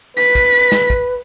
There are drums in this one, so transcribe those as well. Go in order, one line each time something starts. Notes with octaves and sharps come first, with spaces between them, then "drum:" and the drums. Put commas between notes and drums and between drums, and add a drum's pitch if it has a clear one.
B4 B6
drum: kick
drum: snare
drum: kick